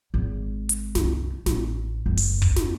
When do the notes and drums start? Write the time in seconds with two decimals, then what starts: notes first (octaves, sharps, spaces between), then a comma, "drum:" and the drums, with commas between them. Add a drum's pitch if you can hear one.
0.14 G#1
0.69 drum: hi-hat
0.95 C2 F#2, drum: snare
1.46 A1, drum: snare
2.06 F#1 D2
2.17 drum: open hi-hat
2.42 drum: kick
2.56 drum: snare